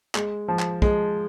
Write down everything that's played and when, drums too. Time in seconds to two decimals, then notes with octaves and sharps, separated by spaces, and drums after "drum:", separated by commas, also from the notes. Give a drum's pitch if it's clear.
0.15 G#3, drum: clap
0.48 F3
0.59 drum: clap
0.82 G#3, drum: kick